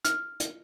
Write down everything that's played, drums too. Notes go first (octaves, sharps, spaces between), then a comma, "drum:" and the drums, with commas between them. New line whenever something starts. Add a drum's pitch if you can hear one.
F6, drum: hi-hat
drum: hi-hat